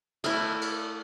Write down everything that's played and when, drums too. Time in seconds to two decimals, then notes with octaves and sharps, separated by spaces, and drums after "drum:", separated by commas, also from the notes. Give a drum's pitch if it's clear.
0.24 A3 E4, drum: cymbal
0.61 drum: cymbal